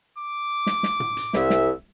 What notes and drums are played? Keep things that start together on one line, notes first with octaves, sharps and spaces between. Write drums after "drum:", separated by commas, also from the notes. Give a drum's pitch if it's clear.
D6
drum: snare
drum: snare
drum: tom
drum: hi-hat
C2 E5, drum: snare
drum: snare